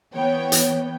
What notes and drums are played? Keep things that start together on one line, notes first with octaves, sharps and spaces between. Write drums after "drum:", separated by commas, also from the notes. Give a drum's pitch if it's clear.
E3 B3 C#5 G5
drum: hi-hat